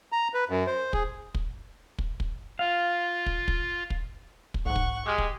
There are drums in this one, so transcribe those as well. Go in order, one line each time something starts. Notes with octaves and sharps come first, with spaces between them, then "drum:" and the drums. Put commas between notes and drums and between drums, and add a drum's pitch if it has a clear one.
A#5
B4
F#2
C5
G#4, drum: kick
drum: kick
drum: kick
drum: kick
F4 F5
drum: kick
drum: kick
drum: kick
drum: kick
B1 G#2 F#5 C#6
drum: kick
G#3 G4 D6 F6
drum: kick